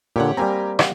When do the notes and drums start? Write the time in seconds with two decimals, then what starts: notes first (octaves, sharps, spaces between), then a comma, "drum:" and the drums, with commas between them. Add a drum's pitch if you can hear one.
0.16 A#2 D3 G4 C#5 F#5
0.37 G3 A#3 C4 G4 G#5 A#5
0.79 G4 F5 F#5, drum: rim click